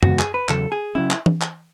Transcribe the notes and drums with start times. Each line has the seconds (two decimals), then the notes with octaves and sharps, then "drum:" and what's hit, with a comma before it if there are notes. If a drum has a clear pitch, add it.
0.03 E2 C#3 G#3 B3 F#4, drum: tom F#2
0.19 G#4, drum: clap
0.34 B4
0.49 E2 C#3 F#3 A4, drum: clap
0.72 G#4
0.95 C#3 F#3 C#4 E4
1.11 drum: clap
1.26 drum: tom
1.41 drum: clap